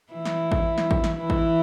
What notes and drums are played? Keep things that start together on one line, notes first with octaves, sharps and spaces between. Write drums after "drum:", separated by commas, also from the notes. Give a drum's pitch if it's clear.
E3 E4
drum: snare
drum: kick A1
drum: snare
drum: kick A1
drum: snare
E3 E4
drum: kick A1